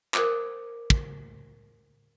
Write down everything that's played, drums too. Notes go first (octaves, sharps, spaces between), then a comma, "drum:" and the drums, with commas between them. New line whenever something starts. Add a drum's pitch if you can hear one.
A#4 C5 D6, drum: clap
drum: kick